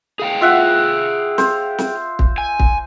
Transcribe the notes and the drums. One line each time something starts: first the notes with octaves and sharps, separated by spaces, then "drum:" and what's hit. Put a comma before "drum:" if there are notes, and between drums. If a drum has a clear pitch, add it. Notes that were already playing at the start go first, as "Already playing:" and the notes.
G#4 F5 G5
F4 E5 F#5
C5, drum: snare
drum: snare
drum: kick
G#5
drum: kick